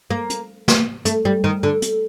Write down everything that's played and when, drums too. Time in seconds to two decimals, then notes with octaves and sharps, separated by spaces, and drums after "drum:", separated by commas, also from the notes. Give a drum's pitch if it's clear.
0.10 A#3
0.30 drum: hi-hat
0.68 drum: snare
1.05 A3, drum: hi-hat
1.25 G3
1.44 D#3
1.63 D3
1.82 drum: hi-hat